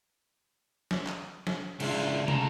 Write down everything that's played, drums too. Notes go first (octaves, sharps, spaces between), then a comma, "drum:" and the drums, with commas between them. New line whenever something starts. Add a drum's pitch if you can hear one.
drum: snare
drum: clap
drum: snare
C#3 F#3 G#3 D4 E4 F4, drum: cymbal
C#3 A3 D#4 F4 A5 A#5, drum: tom